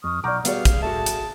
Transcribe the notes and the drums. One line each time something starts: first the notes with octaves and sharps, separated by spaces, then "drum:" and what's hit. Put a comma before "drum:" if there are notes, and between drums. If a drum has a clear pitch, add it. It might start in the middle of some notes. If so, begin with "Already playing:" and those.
F2 C#6 D#6 F6
B1 D5 F#5 A#5 C#6 D6 F6 G6
G3 B3 F#4 G#4 D5 F5, drum: hi-hat
drum: kick, hi-hat
F#4 A4 E5 A5
drum: hi-hat